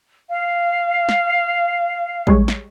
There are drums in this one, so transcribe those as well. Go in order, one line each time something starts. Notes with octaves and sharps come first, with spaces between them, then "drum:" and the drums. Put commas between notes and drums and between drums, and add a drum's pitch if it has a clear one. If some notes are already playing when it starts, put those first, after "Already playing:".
F5
drum: snare
G3 G#3 C#5, drum: kick
drum: snare